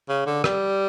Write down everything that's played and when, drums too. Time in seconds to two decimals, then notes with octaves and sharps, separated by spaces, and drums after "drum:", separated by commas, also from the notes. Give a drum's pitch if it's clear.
0.09 C#3
0.26 D3
0.44 G3, drum: rim click